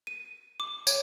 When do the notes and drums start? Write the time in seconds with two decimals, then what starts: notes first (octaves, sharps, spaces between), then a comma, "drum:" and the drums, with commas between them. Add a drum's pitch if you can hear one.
0.07 D#7
0.60 D6
0.87 C#5, drum: tambourine